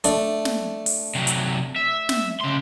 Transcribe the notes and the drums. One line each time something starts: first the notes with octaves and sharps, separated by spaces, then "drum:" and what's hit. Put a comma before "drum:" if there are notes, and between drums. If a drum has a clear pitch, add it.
A3 D4, drum: hi-hat
drum: snare
drum: open hi-hat
C3 F#3
drum: hi-hat
E5
drum: snare
C#3 C6